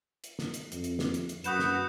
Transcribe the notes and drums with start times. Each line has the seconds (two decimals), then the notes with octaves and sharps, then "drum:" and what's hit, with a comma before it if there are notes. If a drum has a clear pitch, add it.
0.24 drum: hi-hat
0.39 drum: snare
0.54 drum: hi-hat
0.72 F2, drum: hi-hat
0.84 drum: hi-hat
0.99 drum: snare
1.14 drum: hi-hat
1.29 drum: hi-hat
1.44 F#2 F#4 B4 D#6 G6 E7, drum: hi-hat
1.59 drum: snare